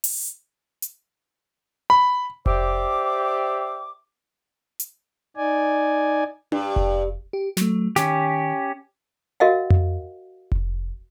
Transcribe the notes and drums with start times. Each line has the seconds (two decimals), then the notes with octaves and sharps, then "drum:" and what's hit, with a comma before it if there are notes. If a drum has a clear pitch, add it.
0.04 drum: open hi-hat
0.82 drum: hi-hat
1.90 B5
2.46 G4 C5 D5 E5 D6, drum: kick F1
4.80 drum: hi-hat
5.37 D#4 D5 G#5
6.52 G2, drum: tom D4
6.76 drum: kick F1
7.33 G4
7.57 F#3 A3, drum: snare
7.96 D#3 C#4 G4, drum: snare
9.40 F#4 A#4 D#5 F5 F#5
9.70 drum: tom F2
10.52 drum: kick F1